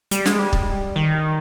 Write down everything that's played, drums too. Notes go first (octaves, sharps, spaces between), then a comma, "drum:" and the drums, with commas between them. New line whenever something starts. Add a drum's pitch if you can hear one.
G3, drum: hi-hat
G#3, drum: snare
G3
drum: kick
D#3